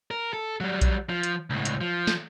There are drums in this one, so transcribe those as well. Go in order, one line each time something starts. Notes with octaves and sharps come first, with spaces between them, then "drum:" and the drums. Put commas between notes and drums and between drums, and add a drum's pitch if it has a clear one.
A#4
A4
F#3 G3
drum: kick A#1, hi-hat
F3
drum: hi-hat
C#2 A2
drum: hi-hat
F3
drum: snare